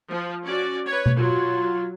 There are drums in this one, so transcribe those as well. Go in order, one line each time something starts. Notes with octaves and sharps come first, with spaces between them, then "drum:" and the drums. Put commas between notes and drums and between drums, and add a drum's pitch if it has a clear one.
F3
C#4 F#4 D5
B4 C#5
drum: tom B2
F#3 F4